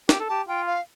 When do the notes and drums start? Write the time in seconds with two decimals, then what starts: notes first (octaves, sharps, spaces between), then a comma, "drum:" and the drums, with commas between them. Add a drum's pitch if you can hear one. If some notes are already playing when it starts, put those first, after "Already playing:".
0.09 G4, drum: snare
0.20 A4
0.28 G4 A5
0.48 F4 G5
0.67 F5